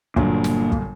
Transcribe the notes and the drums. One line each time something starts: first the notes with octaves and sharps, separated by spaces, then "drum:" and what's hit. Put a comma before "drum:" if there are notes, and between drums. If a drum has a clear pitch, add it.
G1 A#2 F#3 A#3 D4, drum: kick
drum: snare
drum: kick